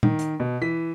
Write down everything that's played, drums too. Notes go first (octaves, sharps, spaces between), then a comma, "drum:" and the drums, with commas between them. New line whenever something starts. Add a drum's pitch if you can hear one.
D#3, drum: tom A#2
drum: hi-hat
B2
E3 B6